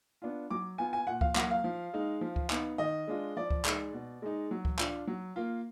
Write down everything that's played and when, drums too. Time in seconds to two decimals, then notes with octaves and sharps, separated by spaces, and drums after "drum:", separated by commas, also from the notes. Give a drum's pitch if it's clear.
0.22 B3 D4 F4
0.51 F#3 D6
0.78 B3 F4 G#5
0.93 G#5
1.07 A#2 F#5
1.21 F5, drum: kick C#2
1.36 F#3 A#3 F#5, drum: clap
1.51 F5
1.64 F3
1.94 G#3 D#4
2.21 F3
2.36 drum: kick C#2
2.50 B3 D#4, drum: clap
2.78 D#3 D#5
3.07 G#3 D4 F4
3.37 F3 D5
3.50 drum: kick C#2
3.65 G#3 D#4, drum: clap
3.93 B2
4.22 G#3 D#4
4.51 F#3
4.65 drum: kick C#2
4.79 D4 F4, drum: clap
5.07 F#3
5.36 A#3 F4